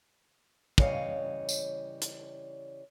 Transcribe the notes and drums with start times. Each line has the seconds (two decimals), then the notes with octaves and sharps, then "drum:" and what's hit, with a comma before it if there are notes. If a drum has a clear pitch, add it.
0.78 C#3 E3 G3 C#5 D#5 F5, drum: kick
1.49 drum: tambourine
2.02 drum: hi-hat